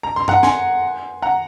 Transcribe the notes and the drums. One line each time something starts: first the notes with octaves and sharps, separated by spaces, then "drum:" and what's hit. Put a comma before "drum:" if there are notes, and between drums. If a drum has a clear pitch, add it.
A#5
C6
F#5 A#5, drum: tom
G#5 C6, drum: snare
F#5 A#5